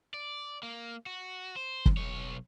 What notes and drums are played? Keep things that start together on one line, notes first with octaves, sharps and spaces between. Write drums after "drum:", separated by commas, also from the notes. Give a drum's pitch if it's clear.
D5
A#3
F#4
C5
drum: kick
B1 C#5